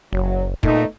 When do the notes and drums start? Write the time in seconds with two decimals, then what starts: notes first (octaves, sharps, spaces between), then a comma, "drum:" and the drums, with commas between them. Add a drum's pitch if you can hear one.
0.13 F#1 F#3
0.63 A#2 A3 B3 D#4, drum: kick